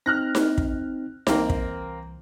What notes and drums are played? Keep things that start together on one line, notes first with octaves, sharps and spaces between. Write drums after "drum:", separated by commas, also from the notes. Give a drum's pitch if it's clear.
C4 D#4 F6 F#6 A#6
drum: snare D#4
drum: kick
C2 E3 A#3 C4, drum: snare D#4
drum: kick